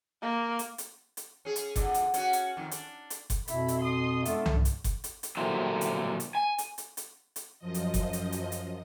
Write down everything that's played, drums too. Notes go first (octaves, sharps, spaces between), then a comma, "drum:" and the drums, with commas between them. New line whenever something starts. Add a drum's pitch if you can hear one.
A#3
drum: hi-hat
drum: hi-hat
drum: hi-hat
C#4 G#4
drum: hi-hat
F2 D3, drum: kick F#1, hi-hat
drum: hi-hat
C#4 F#4, drum: hi-hat
drum: hi-hat
F2 D#3
D4, drum: hi-hat
drum: hi-hat
drum: kick F#1, hi-hat
F2 B2 E4 B5, drum: hi-hat
drum: hi-hat
C6 D#6
G#3 A3 B3 D4 F4, drum: hi-hat
drum: tom C2
drum: hi-hat
drum: kick F#1, hi-hat
drum: hi-hat
drum: hi-hat
A#2 D3 F#3 G3 E4 C5
drum: hi-hat
drum: hi-hat
G#5
drum: hi-hat
drum: hi-hat
drum: hi-hat
drum: hi-hat
F#2 F3 D#5
drum: hi-hat
drum: kick F#1, hi-hat
drum: hi-hat
drum: hi-hat
drum: hi-hat